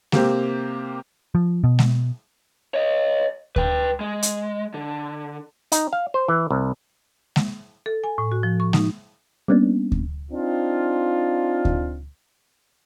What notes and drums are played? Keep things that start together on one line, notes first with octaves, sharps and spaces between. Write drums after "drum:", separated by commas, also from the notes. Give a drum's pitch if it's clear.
C3 A#3 C4 G4, drum: snare G#3
F3
B2
drum: snare G#3
C#5 D#5
B4 G5, drum: kick D2
G#3
drum: hi-hat
D3
D#4, drum: hi-hat
F5
C5
E3
C2
drum: snare G#3
A4
G#5
A2
F#4
F3
C#6
D#4, drum: snare G#3
G3 A#3 B3 C#4 D4
drum: kick D2
C4 D4 D#4 F4
drum: kick D2